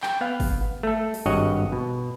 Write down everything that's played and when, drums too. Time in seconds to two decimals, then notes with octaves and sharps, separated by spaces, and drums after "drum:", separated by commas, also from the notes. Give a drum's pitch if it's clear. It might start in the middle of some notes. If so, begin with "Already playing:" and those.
0.03 G5, drum: clap
0.21 B3 F5
0.40 drum: kick G1, open hi-hat
0.83 A3 A4
1.14 drum: open hi-hat
1.26 G#1 G2 F#4 C#5 D#5 F#5
1.72 B2